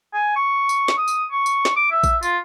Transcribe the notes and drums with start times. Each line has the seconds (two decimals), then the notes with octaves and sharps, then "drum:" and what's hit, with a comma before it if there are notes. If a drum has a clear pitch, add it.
0.14 G#5
0.36 C#6
0.69 drum: tambourine
0.88 drum: snare
0.98 D#6
1.08 drum: tambourine
1.32 C#6
1.46 drum: tambourine
1.65 drum: snare
1.76 D6
1.91 E5
2.04 drum: kick A1, tambourine
2.23 F4, drum: tambourine